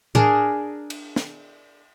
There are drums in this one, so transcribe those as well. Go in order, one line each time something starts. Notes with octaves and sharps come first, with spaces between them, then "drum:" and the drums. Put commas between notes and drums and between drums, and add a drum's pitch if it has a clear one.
D4 G#4 A#4, drum: tom A2
drum: cymbal
drum: snare